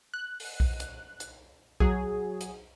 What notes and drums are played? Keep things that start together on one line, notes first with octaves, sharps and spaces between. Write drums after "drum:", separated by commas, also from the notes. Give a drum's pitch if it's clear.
F#6
drum: open hi-hat
drum: kick B1
drum: hi-hat
drum: hi-hat
F#3 G#4, drum: kick B1
drum: hi-hat